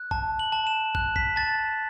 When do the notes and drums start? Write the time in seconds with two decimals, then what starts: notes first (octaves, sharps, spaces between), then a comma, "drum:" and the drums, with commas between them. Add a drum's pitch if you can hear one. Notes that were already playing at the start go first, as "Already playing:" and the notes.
Already playing: F#6
0.11 A5, drum: kick
0.39 F#7
0.52 A5
0.67 E7
0.95 F#6, drum: kick
1.16 B6, drum: kick
1.36 A5 A6